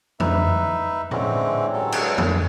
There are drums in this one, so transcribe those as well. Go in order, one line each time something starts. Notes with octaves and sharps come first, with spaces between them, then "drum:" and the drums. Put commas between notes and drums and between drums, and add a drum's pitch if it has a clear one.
D#4 B4 E5, drum: tom F2
D3 E3 G#3 C4 C#4, drum: tom A2
G2 F#3 G#3 A4
drum: cymbal
drum: tom F2